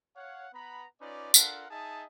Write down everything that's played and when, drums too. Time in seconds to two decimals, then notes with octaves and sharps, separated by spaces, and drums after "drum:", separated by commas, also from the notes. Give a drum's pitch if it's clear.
0.16 C#5 F5 F#5
0.54 B3 A#5 B5
1.01 C#4 D#4 F4 B4 D5
1.34 D4 F4 A4 A#4 F5 F#5, drum: tambourine
1.70 D#4 G#4 D#5 E5 A5